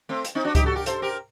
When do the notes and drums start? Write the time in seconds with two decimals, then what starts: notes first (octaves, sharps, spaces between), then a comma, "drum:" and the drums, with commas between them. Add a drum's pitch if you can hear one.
0.09 A3 C4
0.25 drum: hi-hat
0.35 C4 D#4
0.45 D4 F#4
0.55 D#4 G4, drum: kick C#2, hi-hat
0.66 F#4 A4
0.75 G4 A#4
0.86 A4 C5, drum: hi-hat
1.02 G4 A#4